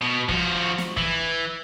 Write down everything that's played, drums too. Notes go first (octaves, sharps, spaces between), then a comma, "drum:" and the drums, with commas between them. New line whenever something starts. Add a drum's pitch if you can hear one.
B2
F3 F#4, drum: kick
drum: snare
E3, drum: kick